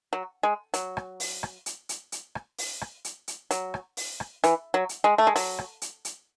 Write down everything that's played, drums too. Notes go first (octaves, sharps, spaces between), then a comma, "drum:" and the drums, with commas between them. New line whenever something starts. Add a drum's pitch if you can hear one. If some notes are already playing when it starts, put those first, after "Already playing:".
F#3
G#3
F#3, drum: hi-hat
drum: rim click
drum: open hi-hat
drum: rim click
drum: hi-hat
drum: hi-hat
drum: hi-hat
drum: rim click
drum: open hi-hat
drum: rim click
drum: hi-hat
drum: hi-hat
F#3, drum: hi-hat
drum: rim click
drum: open hi-hat
drum: rim click
E3, drum: hi-hat
F#3
drum: hi-hat
G#3
A3
G#3
F#3, drum: open hi-hat
drum: rim click
drum: hi-hat
drum: hi-hat